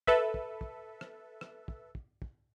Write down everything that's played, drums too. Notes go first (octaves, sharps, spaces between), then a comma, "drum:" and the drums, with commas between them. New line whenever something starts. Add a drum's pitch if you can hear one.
A4 B4 E5, drum: kick
drum: kick
drum: kick
drum: rim click
drum: rim click
drum: kick
drum: kick
drum: kick